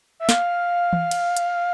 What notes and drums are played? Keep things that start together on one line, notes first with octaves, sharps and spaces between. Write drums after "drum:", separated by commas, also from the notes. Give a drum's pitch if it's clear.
E5
F5, drum: snare
drum: tom E3
drum: cymbal
drum: hi-hat